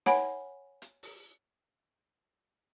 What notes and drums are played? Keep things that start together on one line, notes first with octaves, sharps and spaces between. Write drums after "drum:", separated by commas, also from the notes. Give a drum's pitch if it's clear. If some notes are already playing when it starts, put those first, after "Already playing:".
C#5 F#5 G#5 B5, drum: snare
drum: hi-hat
drum: open hi-hat